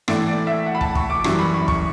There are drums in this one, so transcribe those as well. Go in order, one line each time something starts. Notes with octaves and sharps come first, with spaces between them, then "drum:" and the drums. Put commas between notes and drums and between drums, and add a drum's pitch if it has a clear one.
A2 E3 A3 D5, drum: rim click
D5
E5
F#5
B5
A5, drum: kick
C#6, drum: kick
D6
F#2 E3 G3 C#6, drum: rim click
B5
C#6
C#6, drum: kick